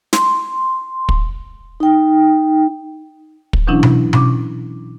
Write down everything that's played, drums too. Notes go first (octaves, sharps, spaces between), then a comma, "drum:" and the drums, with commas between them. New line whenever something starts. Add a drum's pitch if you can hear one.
C6, drum: snare
drum: kick
D#4 G5
drum: kick
B2 E3 F#3 C#4 D4 E4
drum: tom B2
C#4 D6, drum: tom B2